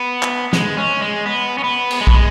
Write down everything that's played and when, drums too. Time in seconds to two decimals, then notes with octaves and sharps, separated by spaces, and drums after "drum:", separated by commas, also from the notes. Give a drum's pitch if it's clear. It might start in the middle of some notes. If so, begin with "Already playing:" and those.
Already playing: B3
0.23 drum: clap
0.53 G#3, drum: snare
0.77 C#4
1.01 G#3
1.26 B3
1.58 C#4
1.64 B3
1.91 drum: cymbal
2.01 G#3
2.07 B3, drum: kick
2.14 G#3